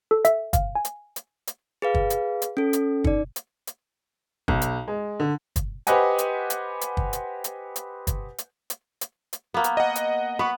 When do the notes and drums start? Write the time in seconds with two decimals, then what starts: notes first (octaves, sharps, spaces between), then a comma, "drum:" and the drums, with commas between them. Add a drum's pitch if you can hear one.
0.11 A4
0.25 E5, drum: hi-hat
0.53 F5, drum: kick, hi-hat
0.75 G#5
0.85 drum: hi-hat
1.16 drum: hi-hat
1.47 drum: hi-hat
1.82 G#4 B4 F5
1.95 drum: kick
2.10 drum: hi-hat
2.42 drum: hi-hat
2.57 C#4 A4
2.73 drum: hi-hat
3.04 D#4 D5, drum: kick
3.36 drum: hi-hat
3.67 drum: hi-hat
4.48 B1, drum: kick
4.61 drum: hi-hat
4.88 G#3
5.20 D3
5.56 drum: kick, hi-hat
5.87 G4 B4 C5 D#5 F#5 G#5, drum: hi-hat
6.19 drum: hi-hat
6.50 drum: hi-hat
6.81 drum: hi-hat
6.97 drum: kick
7.13 drum: hi-hat
7.44 drum: hi-hat
7.76 drum: hi-hat
8.07 drum: kick, hi-hat
8.38 drum: hi-hat
8.70 drum: hi-hat
9.01 drum: hi-hat
9.33 drum: hi-hat
9.54 A#3 B3
9.64 drum: hi-hat
9.77 D#5 F#5
9.95 drum: hi-hat
10.39 B3 B5 C#6